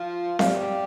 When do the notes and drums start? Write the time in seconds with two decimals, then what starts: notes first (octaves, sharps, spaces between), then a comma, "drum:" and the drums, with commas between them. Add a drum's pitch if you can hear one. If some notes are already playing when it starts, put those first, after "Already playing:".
Already playing: F3 F4
0.39 G3 G4 F5, drum: snare C4